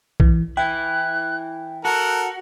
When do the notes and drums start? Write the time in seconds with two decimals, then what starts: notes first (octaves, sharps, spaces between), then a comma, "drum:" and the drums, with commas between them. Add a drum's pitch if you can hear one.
0.20 E3, drum: kick A#1
0.57 E3 E4 G5 F#6
1.85 F#4 A4 A#4 F#6